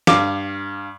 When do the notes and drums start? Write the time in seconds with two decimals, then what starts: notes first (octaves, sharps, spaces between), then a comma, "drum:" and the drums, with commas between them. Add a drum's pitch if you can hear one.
0.07 G2 F5 D6, drum: snare